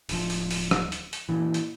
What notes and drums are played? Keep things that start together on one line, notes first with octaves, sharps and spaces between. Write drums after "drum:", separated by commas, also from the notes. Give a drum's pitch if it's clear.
D1 F3, drum: open hi-hat
drum: open hi-hat
drum: open hi-hat
drum: rim click
drum: hi-hat
drum: hi-hat
A#2 E3
drum: hi-hat